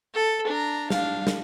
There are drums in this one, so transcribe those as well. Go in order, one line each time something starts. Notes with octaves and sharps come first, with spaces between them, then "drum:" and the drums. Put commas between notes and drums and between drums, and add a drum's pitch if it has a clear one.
A4
D4 A#5
D4 F5, drum: snare
drum: snare